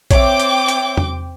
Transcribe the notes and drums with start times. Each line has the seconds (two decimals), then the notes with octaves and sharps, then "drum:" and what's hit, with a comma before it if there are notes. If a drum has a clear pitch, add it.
0.11 C4 C#5 E5 G5 D6, drum: kick A#1, hi-hat
0.40 drum: hi-hat
0.68 drum: hi-hat
0.97 drum: tom E2